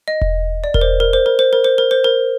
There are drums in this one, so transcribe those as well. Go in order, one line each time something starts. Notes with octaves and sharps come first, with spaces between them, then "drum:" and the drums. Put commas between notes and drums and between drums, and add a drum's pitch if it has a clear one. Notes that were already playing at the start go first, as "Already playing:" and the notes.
D#5
drum: kick E1
D5
A#4, drum: kick E1
C5
A#4
C5
A#4
C5
A#4
C5
A#4
C5
A#4